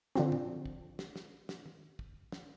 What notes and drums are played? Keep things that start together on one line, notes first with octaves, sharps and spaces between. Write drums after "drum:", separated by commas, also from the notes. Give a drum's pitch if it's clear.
D3 F3 C4, drum: snare
drum: tom
drum: kick
drum: snare
drum: snare
drum: snare
drum: tom
drum: kick
drum: snare